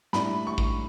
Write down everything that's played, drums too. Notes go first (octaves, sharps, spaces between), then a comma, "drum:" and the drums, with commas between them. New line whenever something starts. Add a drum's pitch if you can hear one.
A2 G3 D4 B5, drum: snare
C#6
drum: kick